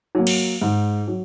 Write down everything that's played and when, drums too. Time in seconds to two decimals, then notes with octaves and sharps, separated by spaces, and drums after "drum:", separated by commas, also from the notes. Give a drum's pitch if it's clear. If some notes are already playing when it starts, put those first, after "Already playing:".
0.15 F#3 A#3
0.27 drum: cymbal
0.62 G#2
1.08 F#3